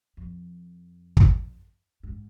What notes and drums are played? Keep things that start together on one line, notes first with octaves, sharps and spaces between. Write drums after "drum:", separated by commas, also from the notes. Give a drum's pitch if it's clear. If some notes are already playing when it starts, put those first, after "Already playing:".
F2
drum: kick
G#2